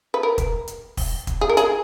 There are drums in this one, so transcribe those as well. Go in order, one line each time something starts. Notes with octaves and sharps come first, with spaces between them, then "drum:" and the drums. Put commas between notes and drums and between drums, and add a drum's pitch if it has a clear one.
B4
A#4
drum: kick, hi-hat
drum: hi-hat
drum: kick, open hi-hat
drum: kick, hi-hat
G#4
A#4
G#4, drum: hi-hat